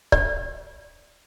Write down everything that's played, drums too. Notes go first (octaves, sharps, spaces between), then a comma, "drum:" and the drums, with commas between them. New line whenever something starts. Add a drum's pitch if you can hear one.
D5, drum: kick C#1